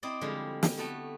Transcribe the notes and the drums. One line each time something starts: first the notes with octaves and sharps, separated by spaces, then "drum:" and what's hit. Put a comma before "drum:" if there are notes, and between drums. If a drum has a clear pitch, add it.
C4 E4 D5 D#5
D3 F3 G3 G#3 E4
drum: snare
A3 B3 F#4 A4 G5